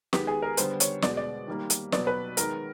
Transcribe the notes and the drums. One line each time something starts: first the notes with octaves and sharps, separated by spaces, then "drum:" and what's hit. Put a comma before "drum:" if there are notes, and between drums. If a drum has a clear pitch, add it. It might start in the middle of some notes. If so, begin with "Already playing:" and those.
D#3 G#3 B3 G4, drum: snare
G#4
A#4
D3 G3 B3 C5, drum: hi-hat
C#5, drum: hi-hat
B2 G#3 B3 D5, drum: snare
D5
D#3 G3 A#3
drum: hi-hat
B2 F#3 B3 D5, drum: snare
B4
D#3 G#3 B3 A#4, drum: hi-hat